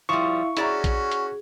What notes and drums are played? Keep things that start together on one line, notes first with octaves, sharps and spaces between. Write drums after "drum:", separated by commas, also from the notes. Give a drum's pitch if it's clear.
F3 G3 E4 E5 F5 C#6
C#4 E4 F#4 G#4 D5 A#5, drum: hi-hat
drum: kick A#1, hi-hat
drum: hi-hat